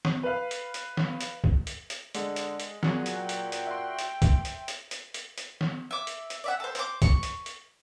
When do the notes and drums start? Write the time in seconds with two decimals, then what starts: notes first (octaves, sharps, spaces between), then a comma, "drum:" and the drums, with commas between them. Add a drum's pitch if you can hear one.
0.05 drum: snare
0.23 B4 F5
0.51 drum: hi-hat
0.74 drum: hi-hat
0.97 drum: snare
1.21 drum: hi-hat
1.44 drum: kick
1.67 drum: hi-hat
1.90 drum: hi-hat
2.15 D3 G#3, drum: hi-hat
2.36 drum: hi-hat
2.60 drum: hi-hat
2.83 A#2 F#3 F#4 G#4, drum: snare
3.06 drum: hi-hat
3.19 G5
3.29 drum: hi-hat
3.52 drum: hi-hat
3.67 E5 C6
3.99 drum: hi-hat
4.22 drum: kick, hi-hat
4.45 drum: hi-hat
4.68 drum: hi-hat
4.91 drum: hi-hat
5.14 drum: hi-hat
5.38 drum: hi-hat
5.61 drum: snare
5.91 E5 D6
6.07 drum: hi-hat
6.30 drum: hi-hat
6.44 D5 E5 F#5
6.60 A4 C5
6.75 C5 D6, drum: hi-hat
7.02 C#6, drum: kick, hi-hat
7.23 drum: hi-hat
7.46 drum: hi-hat